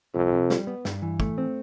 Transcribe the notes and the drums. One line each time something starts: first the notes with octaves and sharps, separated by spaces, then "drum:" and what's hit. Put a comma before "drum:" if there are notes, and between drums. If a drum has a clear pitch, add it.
C2 F2
C3
G3, drum: snare
B3
G2, drum: snare
E3
A3, drum: kick
C4